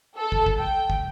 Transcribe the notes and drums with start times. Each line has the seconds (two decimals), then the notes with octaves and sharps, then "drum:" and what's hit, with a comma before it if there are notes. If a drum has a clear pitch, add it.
0.18 A4
0.32 drum: kick
0.46 drum: kick
0.57 G5
0.90 drum: kick